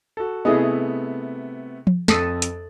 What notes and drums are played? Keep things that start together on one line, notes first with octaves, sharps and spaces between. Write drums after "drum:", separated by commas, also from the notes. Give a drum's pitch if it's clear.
F#4 A4
C3 A3 B3 E4 G#4 D#5
drum: tom F3
F2 A4 D#6, drum: snare
drum: hi-hat